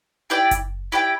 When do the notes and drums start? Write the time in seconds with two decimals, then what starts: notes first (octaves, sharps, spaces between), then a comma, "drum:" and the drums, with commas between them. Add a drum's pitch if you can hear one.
0.30 E4 G4 D5 G5
0.51 drum: kick F#1, hi-hat
0.92 E4 G4 D5 G5